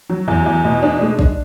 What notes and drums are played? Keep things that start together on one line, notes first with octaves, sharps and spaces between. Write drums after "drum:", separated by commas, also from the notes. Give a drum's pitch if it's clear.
F#3
E2, drum: tom E2
E2
B2
D4
G#3
D4, drum: kick